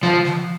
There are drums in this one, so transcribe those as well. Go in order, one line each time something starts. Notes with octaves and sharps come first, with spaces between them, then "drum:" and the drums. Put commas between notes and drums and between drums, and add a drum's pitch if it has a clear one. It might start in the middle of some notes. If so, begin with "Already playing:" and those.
F3, drum: snare
drum: snare